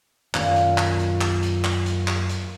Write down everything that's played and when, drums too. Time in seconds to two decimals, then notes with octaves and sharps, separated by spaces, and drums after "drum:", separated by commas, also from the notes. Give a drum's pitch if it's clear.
0.34 F#2 A#2 D#3 F#3 F5 D6, drum: clap
0.56 drum: hi-hat
0.78 drum: clap
0.99 drum: hi-hat
1.21 drum: clap
1.43 drum: hi-hat
1.64 drum: clap
1.86 drum: hi-hat
2.08 drum: clap
2.29 drum: hi-hat